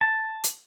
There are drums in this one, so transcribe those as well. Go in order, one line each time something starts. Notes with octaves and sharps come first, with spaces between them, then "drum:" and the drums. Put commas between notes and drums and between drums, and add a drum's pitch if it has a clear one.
A5
drum: hi-hat